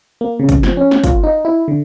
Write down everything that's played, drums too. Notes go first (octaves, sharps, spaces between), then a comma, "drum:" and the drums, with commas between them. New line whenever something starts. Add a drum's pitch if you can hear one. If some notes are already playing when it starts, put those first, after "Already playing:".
A#3
C#3
drum: kick, hi-hat
F3, drum: snare
C#4
drum: snare
F4, drum: kick, hi-hat
D#4
E4
D3